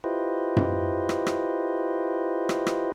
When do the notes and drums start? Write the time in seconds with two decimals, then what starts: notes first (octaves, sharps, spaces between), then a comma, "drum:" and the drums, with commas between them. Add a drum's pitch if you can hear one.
0.04 E4 F4 G4 B4 C5 D#5
0.57 drum: tom F#2
1.09 drum: rim click
1.27 drum: rim click
2.49 drum: rim click
2.67 drum: rim click